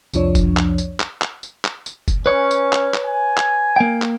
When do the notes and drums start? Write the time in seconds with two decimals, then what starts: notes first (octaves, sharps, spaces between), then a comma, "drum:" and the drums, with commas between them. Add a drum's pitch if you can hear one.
0.14 C2 F2 F3 D4 C#5, drum: tambourine
0.35 drum: kick, tambourine
0.57 drum: clap
0.78 drum: tambourine
1.00 drum: clap
1.21 drum: clap
1.43 drum: tambourine
1.65 drum: clap
1.86 drum: tambourine
2.08 drum: kick, tambourine
2.26 C#4 B4 C#5
2.51 drum: tambourine
2.72 drum: clap
2.94 drum: clap
3.04 G#5
3.37 drum: clap
3.76 A#3 G5
4.02 drum: clap